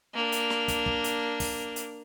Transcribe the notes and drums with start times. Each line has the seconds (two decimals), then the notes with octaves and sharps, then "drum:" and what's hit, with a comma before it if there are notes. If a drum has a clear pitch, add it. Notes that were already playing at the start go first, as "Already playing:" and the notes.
0.14 A#3 D4
0.32 drum: hi-hat
0.50 drum: snare
0.68 drum: kick, hi-hat
0.86 drum: kick
1.04 drum: hi-hat
1.40 drum: kick, open hi-hat
1.76 drum: hi-hat